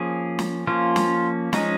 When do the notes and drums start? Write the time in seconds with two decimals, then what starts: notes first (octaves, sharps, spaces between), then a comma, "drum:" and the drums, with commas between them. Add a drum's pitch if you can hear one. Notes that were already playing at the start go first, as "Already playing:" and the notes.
Already playing: F3 A#3 C#4 G#4
0.39 drum: snare
0.67 F3 A#3 C#4 F4
0.96 drum: snare
1.53 F3 G#3 C#4 D#4, drum: snare